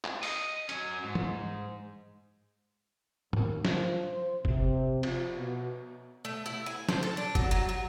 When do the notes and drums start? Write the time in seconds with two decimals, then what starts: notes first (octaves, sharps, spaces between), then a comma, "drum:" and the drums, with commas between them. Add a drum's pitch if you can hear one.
0.04 drum: clap
0.23 D#5, drum: open hi-hat
0.69 F#3 C#4, drum: hi-hat
1.04 G#2
1.15 drum: tom
3.33 D#2, drum: tom
3.65 F3, drum: snare
4.02 C5
4.45 C3, drum: kick F#1
5.03 F3, drum: cymbal
5.36 B2
6.25 A3
6.46 E4
6.66 G#5
6.89 C5, drum: snare
7.03 A4
7.17 D4
7.35 F#3, drum: kick F#1
7.51 F#3
7.69 F#3